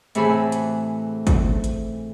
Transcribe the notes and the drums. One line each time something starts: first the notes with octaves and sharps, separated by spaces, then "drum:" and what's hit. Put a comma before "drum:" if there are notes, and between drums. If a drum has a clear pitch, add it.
A2 C3 E3 G#4 A4 B5, drum: hi-hat
drum: hi-hat
drum: kick, hi-hat
drum: hi-hat